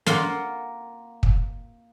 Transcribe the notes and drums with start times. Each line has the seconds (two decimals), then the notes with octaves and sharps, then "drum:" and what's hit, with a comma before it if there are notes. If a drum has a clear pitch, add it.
0.06 A#3 F4 F#5, drum: snare
1.23 drum: kick